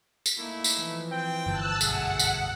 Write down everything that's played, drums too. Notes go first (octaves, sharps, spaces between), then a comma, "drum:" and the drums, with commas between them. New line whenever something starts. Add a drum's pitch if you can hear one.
drum: tambourine
A3 A#3 D#4 E4
drum: tambourine
E3 F3
C4 G5
G1 A5 E6 F#6
B1 F#2 A3 G#4 F#5, drum: tambourine
drum: tambourine